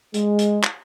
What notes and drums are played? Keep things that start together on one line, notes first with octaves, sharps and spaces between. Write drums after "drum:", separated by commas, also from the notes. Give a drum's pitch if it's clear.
G#3, drum: hi-hat
drum: hi-hat
drum: clap